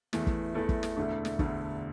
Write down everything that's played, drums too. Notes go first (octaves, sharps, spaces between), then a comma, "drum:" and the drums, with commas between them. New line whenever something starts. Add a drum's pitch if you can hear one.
E2 E3 A3, drum: snare
drum: kick
E2 E3 A3 E4 A4
drum: kick
drum: snare
E1 D2 D3 A3
drum: snare
E1 D2 D3 A3, drum: kick